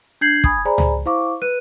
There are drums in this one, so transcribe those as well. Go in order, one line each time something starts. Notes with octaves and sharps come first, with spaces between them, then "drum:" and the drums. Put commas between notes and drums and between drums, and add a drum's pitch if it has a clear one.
D4 G6 G#6 C7 F#7
G#5 B5 D#6 G#6, drum: kick
G#4 C5 D5 G#5 A#5 B5
drum: tom C#2
E4 C5 F5 C#6 D6
B4 F#6 D#7